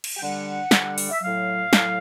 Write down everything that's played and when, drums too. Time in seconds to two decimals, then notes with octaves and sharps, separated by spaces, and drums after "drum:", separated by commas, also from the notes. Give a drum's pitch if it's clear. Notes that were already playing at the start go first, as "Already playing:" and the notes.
0.04 drum: cymbal
0.17 G5
0.20 D3 G3 F#5
0.71 D3 G3, drum: snare
0.98 drum: open hi-hat
1.11 E5
1.22 A2 F#3 F5
1.73 A2 F#3, drum: snare